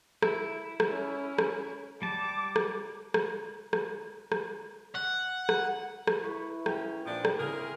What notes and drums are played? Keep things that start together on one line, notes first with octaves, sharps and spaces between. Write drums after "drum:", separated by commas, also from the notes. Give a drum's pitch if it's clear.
E4, drum: rim click
drum: rim click
C#4
drum: rim click
G3 A5 D6
drum: rim click
drum: rim click
drum: rim click
drum: rim click
F#5
drum: rim click
drum: rim click
E4 B4 C#6
C#4 G#4 G5, drum: rim click
A#2 F3 D4
drum: rim click
C#3 C4 E4 G#4 A#4